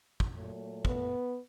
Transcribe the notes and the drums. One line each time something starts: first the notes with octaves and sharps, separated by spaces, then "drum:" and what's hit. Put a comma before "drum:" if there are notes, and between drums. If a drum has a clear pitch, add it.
drum: kick
A#2 F#3 A3
B3, drum: kick